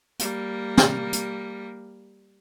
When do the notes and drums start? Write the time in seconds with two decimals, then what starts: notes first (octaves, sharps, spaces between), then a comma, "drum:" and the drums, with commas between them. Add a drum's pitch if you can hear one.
0.19 G3 A#3, drum: hi-hat
0.77 drum: snare
1.13 drum: hi-hat